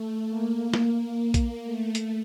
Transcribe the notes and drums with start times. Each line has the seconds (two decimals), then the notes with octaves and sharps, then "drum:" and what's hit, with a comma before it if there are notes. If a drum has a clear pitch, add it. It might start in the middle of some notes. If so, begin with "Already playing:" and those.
Already playing: A3
0.28 A#3
0.74 drum: snare
1.34 drum: kick A#1, hi-hat
1.64 A3
1.95 drum: hi-hat